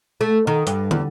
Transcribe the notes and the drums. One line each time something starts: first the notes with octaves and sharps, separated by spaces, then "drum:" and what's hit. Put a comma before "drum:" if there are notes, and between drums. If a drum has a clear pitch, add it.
A3
D#3
G2, drum: hi-hat
E2, drum: tom